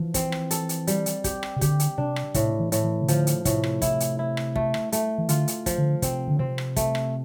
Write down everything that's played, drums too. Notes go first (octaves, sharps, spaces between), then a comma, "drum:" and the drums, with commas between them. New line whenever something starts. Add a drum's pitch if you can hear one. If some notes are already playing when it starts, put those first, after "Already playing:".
Already playing: E3 F3
C4, drum: kick, hi-hat
drum: rim click
A4, drum: hi-hat
drum: hi-hat
G3, drum: hi-hat
drum: hi-hat
G4, drum: kick, hi-hat
drum: rim click
C3
D3 G4, drum: kick, hi-hat
drum: hi-hat
C3 D4
drum: rim click
A2 C3, drum: kick, hi-hat
E3
A2, drum: hi-hat
E3
C3
D3 F3, drum: hi-hat
drum: hi-hat
A2 C3, drum: kick, hi-hat
drum: rim click
E4, drum: kick, hi-hat
drum: hi-hat
E4
drum: rim click
A3, drum: kick
drum: rim click
A3, drum: hi-hat
E3
D3 F4, drum: hi-hat
drum: hi-hat
F3, drum: kick, hi-hat
D3
C3 C4, drum: kick, hi-hat
D3
C3 C4
drum: rim click
A3, drum: kick, hi-hat
drum: rim click